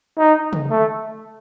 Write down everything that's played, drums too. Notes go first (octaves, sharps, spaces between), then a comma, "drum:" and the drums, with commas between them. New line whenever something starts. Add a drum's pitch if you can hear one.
D#4
drum: tom
A3